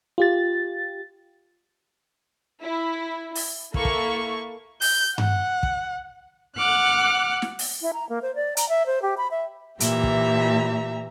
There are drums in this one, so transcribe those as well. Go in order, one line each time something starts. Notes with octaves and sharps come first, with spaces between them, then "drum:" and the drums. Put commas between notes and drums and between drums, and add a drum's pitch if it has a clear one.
F4 G4 A6
E4
drum: open hi-hat
A#3 E4 A4 C#6, drum: kick
drum: kick
G6, drum: open hi-hat
F#5, drum: tom G2
drum: kick
F#5 D6 F6 F#6
drum: snare
drum: open hi-hat
E4
A#5
A#3
C5
D5
A#5, drum: hi-hat
E5
C5
G4
B5
E5
A#2 E3 G4 E5 A#5, drum: hi-hat
drum: kick